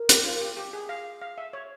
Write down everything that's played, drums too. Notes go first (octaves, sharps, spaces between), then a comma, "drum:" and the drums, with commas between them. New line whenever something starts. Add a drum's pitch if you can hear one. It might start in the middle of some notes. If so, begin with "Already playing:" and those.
Already playing: A#4
G4, drum: hi-hat
F4
G4
G4
G#4
F5
F5
E5
C#5